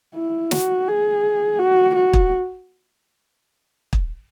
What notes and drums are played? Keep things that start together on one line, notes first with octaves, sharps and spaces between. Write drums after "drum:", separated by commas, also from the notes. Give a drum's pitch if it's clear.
E4
F#4, drum: snare
G#4
F#4
F#4
drum: kick
drum: kick